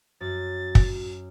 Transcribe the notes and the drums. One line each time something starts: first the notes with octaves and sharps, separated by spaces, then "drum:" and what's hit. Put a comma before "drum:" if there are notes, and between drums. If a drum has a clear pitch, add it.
F#2 F#4 A6
drum: kick